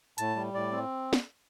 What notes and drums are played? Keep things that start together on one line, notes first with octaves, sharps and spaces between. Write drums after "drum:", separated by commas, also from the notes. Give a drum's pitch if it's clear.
A2 A5, drum: hi-hat
G3
A2 D5
C4
drum: snare